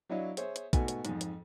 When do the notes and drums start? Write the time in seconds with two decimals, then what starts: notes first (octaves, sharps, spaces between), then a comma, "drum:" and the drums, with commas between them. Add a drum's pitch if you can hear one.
0.10 F#3 D4 E4 C#5 D#5 F5
0.37 G#4 C5 C#5 E5, drum: hi-hat
0.56 drum: hi-hat
0.73 G#2 B2 A3 F#4 G#5, drum: kick, hi-hat
0.88 drum: hi-hat
1.05 F2 G#2, drum: hi-hat
1.21 drum: hi-hat